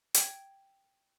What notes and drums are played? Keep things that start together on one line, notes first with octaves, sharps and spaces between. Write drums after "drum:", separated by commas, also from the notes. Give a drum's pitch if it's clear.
G5 G#6, drum: hi-hat